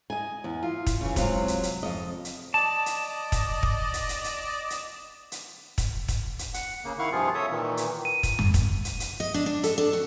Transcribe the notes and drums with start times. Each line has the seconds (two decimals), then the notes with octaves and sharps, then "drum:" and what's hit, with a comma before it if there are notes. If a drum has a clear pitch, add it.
0.10 D#5 G#5
0.44 E2
0.63 F4
0.87 drum: kick, hi-hat
1.01 C#3 E3
1.16 C3 F#3 G#3 F4, drum: kick, hi-hat
1.48 drum: hi-hat
1.63 drum: hi-hat
1.83 F2 D#5
2.25 drum: hi-hat
2.54 D5 D#5 A5
2.86 drum: hi-hat
3.32 drum: kick, hi-hat
3.63 drum: kick
3.94 drum: hi-hat
4.09 drum: hi-hat
4.24 drum: hi-hat
4.70 drum: hi-hat
5.32 drum: hi-hat
5.78 drum: kick, hi-hat
6.08 drum: kick, hi-hat
6.39 drum: hi-hat
6.54 F#5, drum: hi-hat
6.85 C#3 A#3
6.99 D#3 E4 F5 F#5 C#6
7.12 G2 C3 F3 F4 G#4
7.34 A4 C#5 E5 D#6
7.50 A#2 D#3 E3
7.77 drum: hi-hat
8.05 D#7
8.23 drum: kick, hi-hat
8.39 drum: tom F2
8.54 drum: kick, hi-hat
8.85 drum: hi-hat
9.00 drum: hi-hat
9.20 D#5
9.34 D4
9.46 D4
9.63 A4, drum: hi-hat
9.78 D4
9.93 F#4